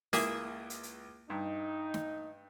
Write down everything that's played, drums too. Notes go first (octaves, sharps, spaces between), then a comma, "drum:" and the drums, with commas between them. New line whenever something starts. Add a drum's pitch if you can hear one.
C#2 A#3 E4 G#4 E5, drum: open hi-hat
drum: hi-hat
drum: hi-hat
G2 D#4
drum: snare